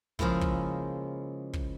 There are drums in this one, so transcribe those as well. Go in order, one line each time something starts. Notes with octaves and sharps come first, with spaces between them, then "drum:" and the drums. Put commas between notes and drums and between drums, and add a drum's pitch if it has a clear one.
C#3 F3 G#3 A#3 E4, drum: kick
drum: kick
drum: kick